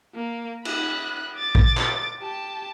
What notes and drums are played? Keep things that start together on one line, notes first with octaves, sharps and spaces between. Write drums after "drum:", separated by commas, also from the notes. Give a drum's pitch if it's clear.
A#3
B5 F#6, drum: cymbal
D6 A6
drum: kick
drum: clap
G4 A5